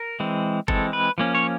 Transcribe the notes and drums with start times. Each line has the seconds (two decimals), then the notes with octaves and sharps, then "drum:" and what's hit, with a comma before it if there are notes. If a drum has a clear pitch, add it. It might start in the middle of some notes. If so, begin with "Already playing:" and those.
Already playing: A#4
0.20 E3 G#3 C4
0.68 E3 G#3 C4 A4, drum: kick G1
0.93 B4
1.18 F3 A#3 C#4
1.35 C#5